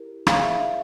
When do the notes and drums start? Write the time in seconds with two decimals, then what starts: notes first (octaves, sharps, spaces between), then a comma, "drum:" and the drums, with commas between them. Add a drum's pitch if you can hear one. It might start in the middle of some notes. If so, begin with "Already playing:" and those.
Already playing: E4 G4 A#4
0.27 E4 G#4 C#5 F5, drum: rim click
0.43 E5
0.60 E5